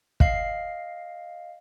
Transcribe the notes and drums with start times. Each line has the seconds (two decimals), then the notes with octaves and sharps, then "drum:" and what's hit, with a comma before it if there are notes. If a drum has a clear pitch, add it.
0.20 D#5 F5 C7, drum: kick